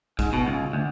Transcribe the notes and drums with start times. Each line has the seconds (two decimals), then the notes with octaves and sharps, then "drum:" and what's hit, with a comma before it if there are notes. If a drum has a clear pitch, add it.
0.19 G#2, drum: kick, hi-hat
0.33 B2
0.47 C#2
0.73 D2